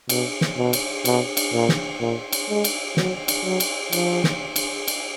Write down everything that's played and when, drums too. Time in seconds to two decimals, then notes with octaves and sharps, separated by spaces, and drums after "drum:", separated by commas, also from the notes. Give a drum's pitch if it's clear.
0.09 B2, drum: cymbal
0.41 drum: snare
0.57 B2
0.73 drum: cymbal
1.05 B2, drum: cymbal
1.37 drum: cymbal
1.52 A#2
1.69 drum: snare
2.00 A#2
2.33 drum: cymbal
2.49 G#3
2.64 drum: cymbal
2.97 F#3, drum: snare
3.28 drum: cymbal
3.44 F#3
3.60 drum: cymbal
3.93 F3, drum: cymbal
4.24 drum: snare
4.56 drum: cymbal
4.88 drum: cymbal